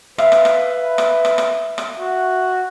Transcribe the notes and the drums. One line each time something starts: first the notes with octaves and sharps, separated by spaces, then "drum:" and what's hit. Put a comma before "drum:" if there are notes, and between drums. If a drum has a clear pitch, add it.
B4 E5 F5, drum: rim click
drum: rim click
drum: rim click
drum: rim click
drum: rim click
drum: rim click
drum: rim click
F#4